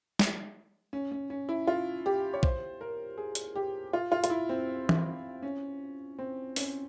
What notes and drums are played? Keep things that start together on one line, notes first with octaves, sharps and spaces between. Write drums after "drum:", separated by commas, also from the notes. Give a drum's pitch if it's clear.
drum: snare
C#4
C#4
C#4
E4
F4
G4
C#5
C5, drum: kick
A#4
G#4
drum: hi-hat
G4
F4
F4
F4, drum: hi-hat
E4
C4
drum: tom E3
C#4
C4
C#4, drum: open hi-hat